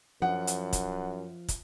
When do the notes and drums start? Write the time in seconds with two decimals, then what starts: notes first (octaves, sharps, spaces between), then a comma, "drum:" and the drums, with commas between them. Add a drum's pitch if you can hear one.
0.22 F#2 F3 F#5
0.47 drum: hi-hat
0.73 drum: kick, hi-hat
1.48 drum: kick, hi-hat